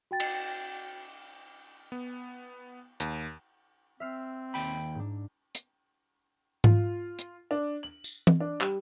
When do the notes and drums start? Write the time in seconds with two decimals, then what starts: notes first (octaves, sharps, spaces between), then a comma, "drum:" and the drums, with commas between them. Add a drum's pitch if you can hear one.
0.11 F#4 G5 A6
0.20 drum: cymbal
1.92 B3
3.00 D#2, drum: hi-hat
4.00 C4 E5 F6 C7
4.54 D#2 G5 B5
4.95 G#2 D4
5.55 drum: hi-hat
6.64 F4, drum: tom G#2
7.19 drum: hi-hat
7.51 D4
7.83 F#7
8.04 drum: tambourine
8.27 drum: tom E3
8.40 D4
8.61 G3, drum: clap